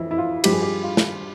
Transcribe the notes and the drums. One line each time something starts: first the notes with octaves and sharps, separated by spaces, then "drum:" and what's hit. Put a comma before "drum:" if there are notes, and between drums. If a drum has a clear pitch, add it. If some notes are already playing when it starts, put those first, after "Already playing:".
Already playing: F2 E3 E4
E4
F4
G2 F3 G4, drum: cymbal
G#4
G4
F4
drum: snare